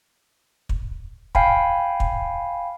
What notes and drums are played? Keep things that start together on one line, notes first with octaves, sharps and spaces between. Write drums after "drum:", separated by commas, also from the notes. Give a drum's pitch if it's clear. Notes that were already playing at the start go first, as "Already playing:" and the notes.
drum: kick
F5 G5 G#5 B5, drum: kick
drum: kick